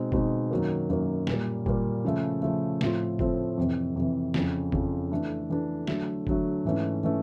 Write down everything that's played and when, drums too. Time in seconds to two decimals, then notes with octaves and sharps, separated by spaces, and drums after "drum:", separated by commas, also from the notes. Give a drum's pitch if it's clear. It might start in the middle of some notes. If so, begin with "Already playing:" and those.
Already playing: B2 G#3 C4 D#4
0.12 B2 G#3 C4 D#4, drum: kick
0.51 F#2 D#3 F#3 A#3
0.90 F#2 D#3 F#3 A#3
1.27 A#2 G3 A#3, drum: snare
1.66 A#2 G3 A#3, drum: kick
2.05 C#3 F3 A3
2.42 C#3 F3 A3
2.81 A2 F3 A3 C4 F4, drum: snare
3.19 A2 F3 A3 C4 F4, drum: kick
3.58 F2 C3 E3
3.96 F2 C3 E3
4.34 F2 C#3 F3, drum: snare
4.72 F2 C#3 F3, drum: kick
5.11 E3 A3 D4
5.50 E3 A3 D4
5.87 D3 F#3 A3, drum: snare
6.27 D3 F#3 A3, drum: kick
6.65 G#2 E3 A3 C#4
7.03 E3 A3 C#4